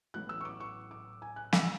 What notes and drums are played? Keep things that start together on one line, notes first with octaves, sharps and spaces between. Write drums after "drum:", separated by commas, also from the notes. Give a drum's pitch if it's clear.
A1 A2 F#3 B3 F#6
E6
C#6
D6
C#6
D6
G#5
F#6
E6, drum: snare